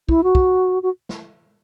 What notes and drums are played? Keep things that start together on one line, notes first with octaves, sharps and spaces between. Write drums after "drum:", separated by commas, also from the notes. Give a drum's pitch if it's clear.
E4, drum: kick
F#4
drum: kick
F#4
drum: snare